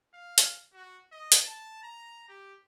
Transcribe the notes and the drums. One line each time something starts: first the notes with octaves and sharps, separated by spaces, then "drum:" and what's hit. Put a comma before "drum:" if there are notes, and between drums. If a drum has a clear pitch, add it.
F5
drum: hi-hat
F#4
D#5
drum: hi-hat
A5
A#5
G4